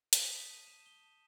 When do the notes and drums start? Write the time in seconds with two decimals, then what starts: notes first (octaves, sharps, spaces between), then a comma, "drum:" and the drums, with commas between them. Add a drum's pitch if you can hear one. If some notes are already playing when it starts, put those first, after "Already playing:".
0.13 D#6 B6, drum: hi-hat
0.31 A5
0.49 G6 D#7
0.67 A5 E7
0.86 D#6 G7
1.03 A5